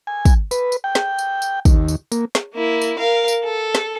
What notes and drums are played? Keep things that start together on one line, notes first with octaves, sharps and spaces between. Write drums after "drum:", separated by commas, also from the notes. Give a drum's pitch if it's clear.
G#5
drum: kick, tambourine
B4, drum: tambourine
drum: tambourine
G5
drum: snare
drum: tambourine
drum: tambourine
D#2, drum: kick, tambourine
drum: tambourine
A#3, drum: tambourine
drum: snare
A#3 E4
drum: tambourine
A#4 F5
drum: tambourine
A4
drum: snare